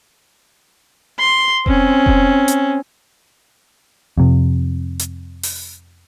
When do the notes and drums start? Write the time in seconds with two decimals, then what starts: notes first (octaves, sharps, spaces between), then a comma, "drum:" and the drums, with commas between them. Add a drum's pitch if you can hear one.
1.19 C6
1.66 C4 C#4, drum: kick F1
2.06 drum: kick F1
2.48 drum: hi-hat
4.18 F2 C3
4.99 drum: hi-hat
5.43 drum: open hi-hat